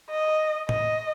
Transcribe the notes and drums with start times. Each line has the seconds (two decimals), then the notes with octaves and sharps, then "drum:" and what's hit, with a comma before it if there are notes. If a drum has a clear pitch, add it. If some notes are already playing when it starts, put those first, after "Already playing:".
0.11 D#5
0.69 D#5, drum: tom A2